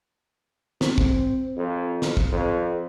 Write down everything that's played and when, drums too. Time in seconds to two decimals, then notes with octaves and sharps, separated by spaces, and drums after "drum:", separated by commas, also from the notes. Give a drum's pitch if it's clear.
0.81 C4, drum: snare
0.98 drum: kick
1.56 F2
2.02 drum: snare
2.17 drum: kick
2.32 F2